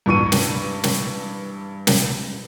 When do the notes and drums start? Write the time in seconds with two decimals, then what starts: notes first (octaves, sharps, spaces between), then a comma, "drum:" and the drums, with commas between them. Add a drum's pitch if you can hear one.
0.06 G2 E3 C#6 D#7
0.32 drum: snare
0.84 drum: snare
1.87 drum: snare